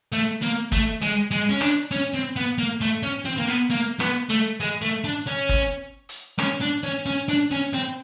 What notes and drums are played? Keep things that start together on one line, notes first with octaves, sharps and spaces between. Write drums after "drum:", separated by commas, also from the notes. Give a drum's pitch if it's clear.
A3, drum: hi-hat
A#3, drum: hi-hat
A3, drum: kick, hi-hat
G#3, drum: hi-hat
G#3, drum: hi-hat
C#4
D4, drum: rim click
C#4, drum: hi-hat
C4
B3
A#3
A3, drum: hi-hat
C#4
C4
A#3
B3
A#3, drum: hi-hat
B3, drum: rim click
A3, drum: hi-hat
G#3, drum: hi-hat
A3
D4
C#4
drum: kick
drum: hi-hat
C#4, drum: rim click
D4
C#4
C#4
D4, drum: hi-hat
C#4
C4